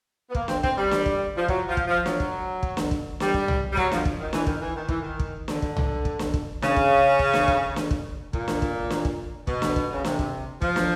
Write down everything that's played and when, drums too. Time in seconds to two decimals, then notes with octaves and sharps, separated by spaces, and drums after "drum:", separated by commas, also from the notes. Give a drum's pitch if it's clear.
0.30 B3
0.35 A#3, drum: kick
0.48 C4, drum: snare
0.63 C4, drum: kick
0.77 G3
0.91 drum: snare
1.06 drum: kick
1.37 F3
1.48 F#3, drum: kick
1.68 F3
1.77 drum: kick
1.86 F3
2.06 F#3, drum: snare
2.20 drum: kick
2.63 drum: kick
2.77 drum: snare
2.91 drum: kick
3.20 G3, drum: snare
3.34 drum: kick
3.48 drum: tom C2
3.72 G3
3.77 F#3, drum: kick
3.92 F3, drum: snare
4.05 drum: kick
4.20 D#3
4.33 E3, drum: snare
4.47 D#3, drum: kick
4.60 E3
4.75 D#3
4.89 E3, drum: kick
5.02 D#3
5.19 drum: kick
5.48 D3, drum: snare
5.62 drum: kick
5.77 drum: tom C2
6.05 drum: kick
6.19 drum: snare
6.34 drum: kick
6.62 C#3, drum: snare
6.76 drum: kick
7.19 drum: kick
7.33 drum: snare
7.48 drum: kick
7.76 drum: snare
7.91 drum: kick
8.33 A#2, drum: kick
8.48 drum: snare
8.62 drum: kick
8.90 drum: snare
9.05 drum: kick
9.47 B2, drum: kick
9.62 drum: snare
9.76 drum: kick
9.93 C#3
10.05 C3, drum: snare
10.19 drum: kick
10.62 F3, drum: kick
10.76 drum: snare